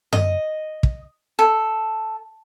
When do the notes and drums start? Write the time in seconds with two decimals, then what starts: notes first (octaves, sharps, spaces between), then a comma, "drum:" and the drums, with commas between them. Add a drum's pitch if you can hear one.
0.13 D#5, drum: tom F#2
0.83 drum: kick
1.39 A4